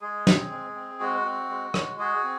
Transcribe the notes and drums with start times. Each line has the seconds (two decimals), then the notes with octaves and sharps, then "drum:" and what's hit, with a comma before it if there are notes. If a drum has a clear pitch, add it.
0.01 G#3 G#4
0.27 C4, drum: snare
0.51 G#3
0.75 C4
1.00 G#3 F#4
1.25 C4
1.49 G#3
1.74 G#3, drum: rim click
1.99 F#4 G#4
2.24 C4